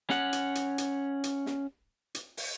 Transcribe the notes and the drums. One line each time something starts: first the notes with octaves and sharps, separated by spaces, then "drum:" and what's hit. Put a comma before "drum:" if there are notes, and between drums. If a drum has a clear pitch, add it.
C#4 F#5, drum: snare
drum: hi-hat
drum: hi-hat
drum: hi-hat
drum: hi-hat
drum: snare
drum: hi-hat
drum: open hi-hat